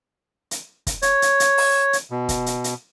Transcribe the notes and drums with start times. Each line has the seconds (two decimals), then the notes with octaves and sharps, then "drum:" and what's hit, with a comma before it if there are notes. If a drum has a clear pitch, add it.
0.51 drum: hi-hat
0.87 drum: kick, hi-hat
1.02 C#5, drum: hi-hat
1.22 drum: hi-hat
1.40 drum: hi-hat
1.58 drum: open hi-hat
1.93 drum: hi-hat
2.11 B2
2.29 drum: kick, hi-hat
2.46 drum: hi-hat
2.64 drum: hi-hat